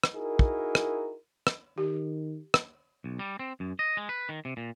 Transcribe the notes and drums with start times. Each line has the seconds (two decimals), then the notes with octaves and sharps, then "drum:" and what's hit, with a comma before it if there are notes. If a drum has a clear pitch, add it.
0.04 drum: rim click
0.16 D#4 E4 F#4 G#4 A#4
0.39 drum: kick
0.75 drum: rim click
1.47 drum: rim click
1.78 D#3 G4
2.54 drum: rim click
3.04 B1
3.19 G3
3.39 C4
3.60 F#2
3.79 D#5
3.97 G#3
4.09 B4
4.29 D#3
4.45 C3
4.57 A#2